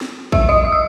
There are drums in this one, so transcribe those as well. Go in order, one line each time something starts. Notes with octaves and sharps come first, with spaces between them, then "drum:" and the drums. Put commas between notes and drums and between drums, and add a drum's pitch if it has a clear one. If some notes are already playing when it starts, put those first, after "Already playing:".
drum: snare
E5 E6, drum: kick A1
D#5 D#6
D#6
E6